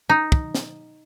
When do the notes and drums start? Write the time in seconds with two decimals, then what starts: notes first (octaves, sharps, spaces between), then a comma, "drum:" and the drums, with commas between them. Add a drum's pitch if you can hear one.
0.10 D#4
0.32 drum: kick
0.55 drum: snare